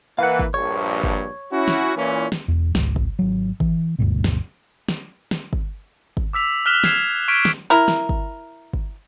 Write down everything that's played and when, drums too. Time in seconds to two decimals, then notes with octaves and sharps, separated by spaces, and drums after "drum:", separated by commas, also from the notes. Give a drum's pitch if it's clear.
0.19 E3 A#3 B4 F5 F#5
0.39 drum: kick G1
0.54 A#1 G2 C#5
1.04 drum: kick G1
1.52 C#4 E4 F#4
1.68 drum: snare
1.96 A#2 E3 C#4
2.32 drum: snare
2.48 E1 E2
2.75 G#1 C#2, drum: snare
2.96 drum: kick G1
3.19 G#1 F#3
3.60 E3, drum: kick G1
3.99 F#1 D2 G2 B2
4.24 drum: snare
4.89 drum: snare
5.31 drum: snare
5.53 drum: kick G1
6.17 drum: kick G1
6.33 D6 E6 B6 F7
6.66 F6 F#6 B6 E7 F7 G7
6.84 F6 G#6 C7 E7 F7, drum: snare
7.28 C#6 F6 G#6 B6 D7
7.45 drum: snare
7.70 E4 A#4
7.88 drum: snare
8.09 drum: kick G1
8.73 drum: kick G1